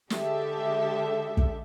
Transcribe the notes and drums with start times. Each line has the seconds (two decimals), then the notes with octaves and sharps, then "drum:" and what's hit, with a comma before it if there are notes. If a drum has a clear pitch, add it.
0.10 D3 G#3 G4 A4 E5, drum: snare
1.37 drum: kick